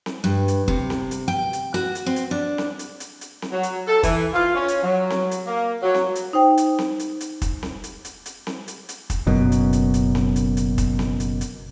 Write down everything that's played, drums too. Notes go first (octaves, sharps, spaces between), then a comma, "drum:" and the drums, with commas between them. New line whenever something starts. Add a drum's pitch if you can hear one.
drum: snare C4
G2
drum: hi-hat
C3, drum: kick
drum: snare C4
drum: hi-hat
G5
drum: hi-hat
F#4, drum: snare C4
drum: hi-hat
C4
drum: hi-hat
D4
drum: snare C4
drum: hi-hat
drum: hi-hat
drum: hi-hat
drum: snare C4
F#3
drum: hi-hat
A4
E3, drum: kick, hi-hat
F4
C#4
drum: hi-hat
F#3
drum: snare C4
drum: hi-hat
A#3
F#3
drum: snare C4
drum: hi-hat
D#4 C5 G5
drum: hi-hat
drum: snare C4
drum: hi-hat
drum: hi-hat
drum: kick, hi-hat
drum: snare C4
drum: hi-hat
drum: hi-hat
drum: hi-hat
drum: snare C4
drum: hi-hat
drum: hi-hat
drum: kick, hi-hat
F#1 F#2 B2
drum: hi-hat
drum: hi-hat
drum: hi-hat
drum: snare C4
drum: hi-hat
drum: hi-hat
drum: kick, hi-hat
drum: snare C4
drum: hi-hat
drum: hi-hat